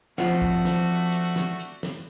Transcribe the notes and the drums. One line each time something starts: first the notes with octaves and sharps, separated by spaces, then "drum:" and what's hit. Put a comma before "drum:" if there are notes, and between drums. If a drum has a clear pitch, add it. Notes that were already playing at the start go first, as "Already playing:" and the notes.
F3 A3 C4 D4 F4 F#4 F#5, drum: snare
drum: kick
drum: snare
drum: hi-hat
drum: snare
drum: hi-hat
drum: snare